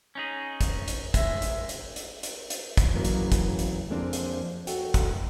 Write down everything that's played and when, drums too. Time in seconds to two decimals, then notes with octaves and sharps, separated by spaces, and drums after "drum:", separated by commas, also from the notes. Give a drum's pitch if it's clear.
0.15 C#4 D#4 G#4
0.61 drum: kick, hi-hat
0.88 drum: hi-hat
1.14 G#3 E5, drum: kick, hi-hat
1.42 drum: hi-hat
1.69 drum: hi-hat
1.96 drum: hi-hat
2.23 drum: hi-hat
2.50 drum: hi-hat
2.77 drum: kick, hi-hat
2.93 D2 C#3 E3 F#3 G3 A#3
3.05 drum: hi-hat
3.32 drum: kick, hi-hat
3.59 drum: hi-hat
3.90 F2 F3 G#3 A#3 C4 D4
4.13 drum: hi-hat
4.67 F#4 A4 F#5 G5, drum: hi-hat
4.94 drum: kick, hi-hat